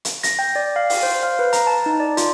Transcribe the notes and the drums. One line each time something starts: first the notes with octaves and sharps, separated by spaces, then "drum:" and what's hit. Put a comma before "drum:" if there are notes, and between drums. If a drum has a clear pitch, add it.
drum: hi-hat
A#6, drum: hi-hat
G5
D5
F5
drum: open hi-hat
C5
F5
B4
A#5, drum: hi-hat
A5
D#4
D5
F4, drum: hi-hat